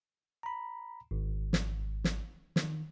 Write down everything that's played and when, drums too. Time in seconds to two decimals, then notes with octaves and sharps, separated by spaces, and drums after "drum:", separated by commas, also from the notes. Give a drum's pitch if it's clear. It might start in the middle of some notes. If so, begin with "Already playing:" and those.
0.43 A#5 B5
1.11 G#1
1.53 drum: snare
2.04 drum: snare
2.56 D#3, drum: snare